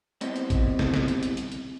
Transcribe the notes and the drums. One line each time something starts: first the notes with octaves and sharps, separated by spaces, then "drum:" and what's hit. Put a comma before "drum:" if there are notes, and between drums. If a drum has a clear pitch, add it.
G3 B3 C4 E4 C5 D#5, drum: hi-hat
drum: hi-hat
drum: kick, hi-hat
drum: snare
drum: snare
drum: hi-hat
drum: hi-hat
drum: hi-hat
drum: hi-hat